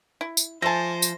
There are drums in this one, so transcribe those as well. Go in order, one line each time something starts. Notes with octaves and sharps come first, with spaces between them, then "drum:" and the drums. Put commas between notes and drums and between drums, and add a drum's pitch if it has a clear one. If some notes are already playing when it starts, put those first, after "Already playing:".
E4
drum: tambourine
F3 A3 C5 G#5 A5 A#6
drum: tambourine